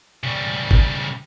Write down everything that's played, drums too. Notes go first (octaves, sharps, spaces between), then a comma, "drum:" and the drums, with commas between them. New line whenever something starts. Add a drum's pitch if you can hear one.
C#3 G3
drum: kick G#1